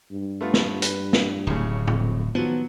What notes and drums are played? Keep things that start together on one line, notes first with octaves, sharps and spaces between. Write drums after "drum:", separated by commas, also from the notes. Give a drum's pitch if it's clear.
G2
A3 B3 F4
drum: snare
B4, drum: hi-hat
drum: snare
D1 A2 C#3
F2, drum: tom A2
D#3 F3 F#3 B3